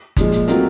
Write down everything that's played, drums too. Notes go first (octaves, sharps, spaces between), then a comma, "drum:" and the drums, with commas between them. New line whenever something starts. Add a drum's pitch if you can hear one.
A#2 F3 G#3, drum: kick G1, hi-hat
drum: hi-hat
F#3 A3 C4 F4 A#4, drum: hi-hat